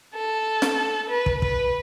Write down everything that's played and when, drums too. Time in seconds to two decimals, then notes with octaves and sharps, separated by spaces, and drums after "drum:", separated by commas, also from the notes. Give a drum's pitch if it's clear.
0.14 A4
0.62 drum: snare
1.10 B4
1.26 drum: kick
1.42 B4, drum: kick